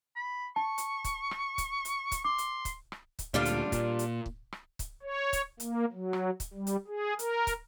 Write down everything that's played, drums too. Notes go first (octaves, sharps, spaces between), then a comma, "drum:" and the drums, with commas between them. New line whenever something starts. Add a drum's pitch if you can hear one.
B5
A5 C#6
drum: hi-hat
drum: kick, hi-hat
drum: rim click
drum: kick, hi-hat
drum: hi-hat
drum: kick, hi-hat
C6 D6
drum: hi-hat
drum: kick, hi-hat
drum: rim click
drum: kick, hi-hat
D2 A#2 D3 G3 D4 F4
drum: hi-hat
A#2, drum: kick, hi-hat
drum: hi-hat
drum: kick
drum: rim click
drum: kick, hi-hat
C#5
drum: kick, hi-hat
A#3, drum: hi-hat
F#3
drum: rim click
drum: kick, hi-hat
G3
drum: hi-hat
G#4
A#4, drum: hi-hat
drum: kick, hi-hat